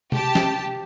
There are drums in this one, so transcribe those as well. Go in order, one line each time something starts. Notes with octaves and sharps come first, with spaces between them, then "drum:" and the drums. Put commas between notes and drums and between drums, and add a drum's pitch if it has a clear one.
G4 A5, drum: tom C3
drum: snare